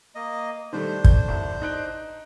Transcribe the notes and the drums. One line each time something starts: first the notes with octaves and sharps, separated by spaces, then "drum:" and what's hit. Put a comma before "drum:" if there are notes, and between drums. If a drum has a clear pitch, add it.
A#3 D#5
D#3 G3 A3 D4 C5
G6, drum: kick
C2
D#4 F#6 D7